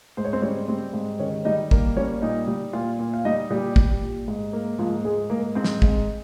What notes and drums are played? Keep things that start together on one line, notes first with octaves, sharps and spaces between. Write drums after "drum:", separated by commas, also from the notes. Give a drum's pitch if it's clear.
G#2 C5
C#5
C4 C5
G3 C#4 C#5
G3 C4 C5
G#2
D#3 C#4 C#5
G3 D#4 D#5
A#3, drum: kick
G3 C#4 C#5
A#2 D#4 D#5
G3
A#2 F4 F5
A#2
F5
G3 D#4 D#5
A#2 G3 G4
G3, drum: kick
A#2
G#2
A#3
G#2 F3 F4
G#2 G#3 G#4
G#2 A#3 A#4
G#2 C4 C5
drum: snare
G#2, drum: kick